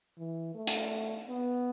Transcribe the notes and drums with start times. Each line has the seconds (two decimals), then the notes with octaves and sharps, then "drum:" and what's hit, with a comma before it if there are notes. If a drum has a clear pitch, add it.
0.18 E3
0.55 A3
0.67 drum: hi-hat
1.27 B3